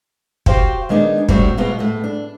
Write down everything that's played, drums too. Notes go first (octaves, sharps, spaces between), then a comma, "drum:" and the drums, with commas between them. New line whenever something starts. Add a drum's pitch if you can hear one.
F#4 G4 C5 F5 G5, drum: kick
D#3 G#3 B3 D4 D#4
A2 G3 C4 D4 F#4, drum: kick
B2 G#3 B3 F4 F#4
A2 B3
D4